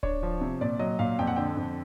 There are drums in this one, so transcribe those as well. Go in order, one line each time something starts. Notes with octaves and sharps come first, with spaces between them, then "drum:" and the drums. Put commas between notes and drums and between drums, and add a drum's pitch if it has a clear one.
D4 C#5, drum: kick D1
F3
C3
A#2 D5
F#3 D#5
A#2 F5
F2 G5
F#5
D3 G5
F2